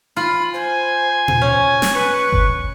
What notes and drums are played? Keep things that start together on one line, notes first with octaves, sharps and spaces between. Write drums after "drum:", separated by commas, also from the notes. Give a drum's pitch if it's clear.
F4 B5
C5 G#5
drum: tom A#2
C#4
drum: snare
B4 C#6
drum: kick G1